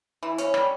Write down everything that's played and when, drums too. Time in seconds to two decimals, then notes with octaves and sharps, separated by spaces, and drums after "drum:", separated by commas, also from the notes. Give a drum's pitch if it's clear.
0.23 E3
0.38 C#4, drum: hi-hat
0.54 G3, drum: rim click